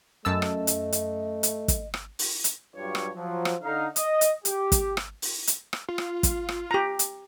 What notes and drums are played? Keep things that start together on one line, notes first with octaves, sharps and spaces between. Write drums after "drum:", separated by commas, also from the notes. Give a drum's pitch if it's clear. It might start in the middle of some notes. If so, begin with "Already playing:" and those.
F#2 A3 D#5 A5 E6
drum: rim click
drum: hi-hat
drum: hi-hat
drum: hi-hat
drum: kick, hi-hat
drum: rim click
drum: open hi-hat
drum: hi-hat
G2 F#3 F4 G4 C#5
drum: rim click
F3 F#3
drum: rim click
D3 D#4 F5
D#5, drum: hi-hat
drum: hi-hat
G4, drum: hi-hat
drum: kick, hi-hat
drum: rim click
drum: open hi-hat
drum: hi-hat
drum: rim click
F4
drum: rim click
drum: kick, hi-hat
drum: rim click
G4 A#5
drum: hi-hat